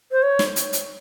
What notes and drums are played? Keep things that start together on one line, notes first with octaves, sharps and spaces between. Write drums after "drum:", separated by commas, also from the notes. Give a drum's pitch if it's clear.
C5
C#5
drum: snare
drum: hi-hat
drum: hi-hat